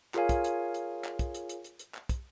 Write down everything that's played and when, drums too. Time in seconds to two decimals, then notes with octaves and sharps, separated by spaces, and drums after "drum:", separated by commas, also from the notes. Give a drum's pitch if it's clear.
0.14 F4 G#4 A#4 C#5 F5 G#5, drum: clap
0.29 drum: kick, hi-hat
0.44 drum: hi-hat
0.74 drum: hi-hat
1.04 drum: clap
1.19 drum: kick, hi-hat
1.34 drum: hi-hat
1.49 drum: hi-hat
1.64 drum: hi-hat
1.79 drum: hi-hat
1.94 drum: clap
2.09 drum: kick, hi-hat